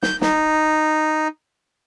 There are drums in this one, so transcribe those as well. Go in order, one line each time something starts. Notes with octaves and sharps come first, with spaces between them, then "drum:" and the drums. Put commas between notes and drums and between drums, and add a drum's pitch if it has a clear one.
G6, drum: snare
D#4, drum: snare